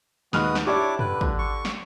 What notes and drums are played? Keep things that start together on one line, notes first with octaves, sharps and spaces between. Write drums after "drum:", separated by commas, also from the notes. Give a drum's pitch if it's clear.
D#2 G#3 F#4 B4 D#6 F6, drum: snare
drum: snare
D4 E4 G4 C#5 D5 D6
D3 B4, drum: tom
drum: kick
C#6
drum: snare